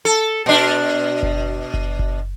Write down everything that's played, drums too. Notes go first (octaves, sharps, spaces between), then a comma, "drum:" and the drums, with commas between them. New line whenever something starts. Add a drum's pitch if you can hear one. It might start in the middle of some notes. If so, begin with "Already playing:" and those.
A4
B2 D4
drum: kick F#1
drum: kick F#1
drum: kick F#1